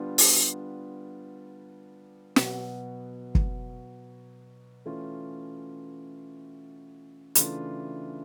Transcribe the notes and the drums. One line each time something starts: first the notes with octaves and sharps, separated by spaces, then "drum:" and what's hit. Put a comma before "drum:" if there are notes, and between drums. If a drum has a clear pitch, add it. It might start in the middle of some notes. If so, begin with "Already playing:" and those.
Already playing: D3 G3 B3 D4 F4
drum: open hi-hat
B2 F#3 B3, drum: snare
drum: kick
E3 A3 C#4 F4
C#3 E3 A3 D4 F4, drum: hi-hat